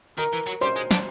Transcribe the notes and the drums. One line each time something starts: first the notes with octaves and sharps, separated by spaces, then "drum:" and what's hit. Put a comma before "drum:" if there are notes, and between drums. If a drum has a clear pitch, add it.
D#3 A#4 A#5
E3
F#3
G3 C5 C6
G#3
D4, drum: snare